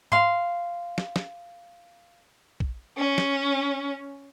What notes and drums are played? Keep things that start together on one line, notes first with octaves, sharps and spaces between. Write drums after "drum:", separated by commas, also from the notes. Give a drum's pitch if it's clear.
F5 C6, drum: tom G#2
drum: snare
drum: snare
drum: kick
C#4
drum: snare